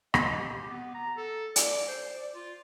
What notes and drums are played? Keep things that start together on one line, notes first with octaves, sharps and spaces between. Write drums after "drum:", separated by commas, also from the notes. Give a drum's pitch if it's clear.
D#5, drum: rim click
G4
B3
A#5
A4
D5, drum: hi-hat
C5
D5
F4